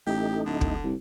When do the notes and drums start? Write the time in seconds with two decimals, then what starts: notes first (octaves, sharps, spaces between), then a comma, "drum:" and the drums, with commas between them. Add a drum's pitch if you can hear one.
0.07 A1 A3 D#4 G4
0.46 D1 D3
0.61 drum: kick
0.84 C2